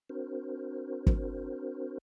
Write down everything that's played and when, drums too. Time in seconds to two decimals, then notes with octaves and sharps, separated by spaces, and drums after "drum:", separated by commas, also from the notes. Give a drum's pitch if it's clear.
0.09 C4 D4 F#4 A#4 C5
1.07 drum: kick